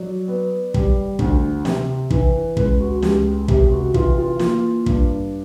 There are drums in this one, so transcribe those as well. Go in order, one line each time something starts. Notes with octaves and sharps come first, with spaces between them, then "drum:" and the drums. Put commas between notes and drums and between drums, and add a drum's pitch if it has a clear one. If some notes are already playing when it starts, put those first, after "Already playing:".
Already playing: F#3 D5
B3
G3, drum: kick
D2, drum: kick
C3, drum: snare
E3, drum: kick
C#2 B4, drum: kick
F#4
C#2 G4, drum: snare
C3 G4, drum: kick
F#4
E3 F4, drum: kick
F4
A#3 F4, drum: snare
G2, drum: kick